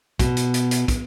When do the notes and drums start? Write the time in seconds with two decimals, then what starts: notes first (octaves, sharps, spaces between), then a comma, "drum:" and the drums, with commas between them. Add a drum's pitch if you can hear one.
0.19 B2, drum: kick, hi-hat
0.37 drum: hi-hat
0.54 drum: hi-hat
0.71 drum: hi-hat
0.88 drum: kick, hi-hat